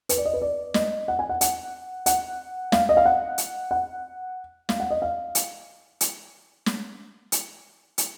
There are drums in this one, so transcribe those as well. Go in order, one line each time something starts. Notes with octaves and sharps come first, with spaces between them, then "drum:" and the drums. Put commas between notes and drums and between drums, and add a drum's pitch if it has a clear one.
B4, drum: hi-hat
D5
D#5
B4
D5
D#5, drum: snare
F#5
G#5
F#5
F#5, drum: hi-hat
F#5, drum: hi-hat
F5, drum: snare
D#5
F5
F#5
drum: hi-hat
F#5
F5, drum: snare
F#5
D#5
F5
drum: hi-hat
drum: hi-hat
drum: snare
drum: hi-hat
drum: hi-hat